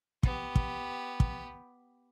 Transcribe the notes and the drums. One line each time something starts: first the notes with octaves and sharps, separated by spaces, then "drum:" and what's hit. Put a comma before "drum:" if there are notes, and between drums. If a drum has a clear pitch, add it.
B3 G4, drum: kick
drum: kick
drum: kick